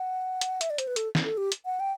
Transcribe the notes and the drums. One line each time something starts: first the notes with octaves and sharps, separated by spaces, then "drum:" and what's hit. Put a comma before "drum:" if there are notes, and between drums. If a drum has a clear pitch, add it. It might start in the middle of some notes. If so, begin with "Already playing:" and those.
Already playing: F#5
drum: hi-hat
E5, drum: hi-hat
D5
C5, drum: hi-hat
B4
A4, drum: hi-hat
drum: snare
A4
G4
drum: hi-hat
F#5
G5